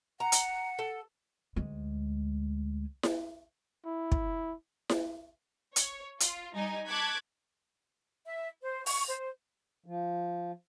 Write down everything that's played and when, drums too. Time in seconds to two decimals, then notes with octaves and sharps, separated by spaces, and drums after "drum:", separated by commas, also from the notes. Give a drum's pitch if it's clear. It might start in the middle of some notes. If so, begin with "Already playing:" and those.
0.20 F#5 A#5
0.32 drum: hi-hat
0.79 A4
1.56 D2 G#3
3.03 drum: snare E4
3.86 E4
4.12 drum: kick
4.89 drum: snare E4
5.76 C#5, drum: hi-hat
6.20 F4, drum: hi-hat
6.55 G3 D#4 G#5
6.89 A5 C#6 D6 F#6 G#6 B6
8.26 E5
8.62 C5
8.86 C#6, drum: open hi-hat
9.09 C5
9.86 F3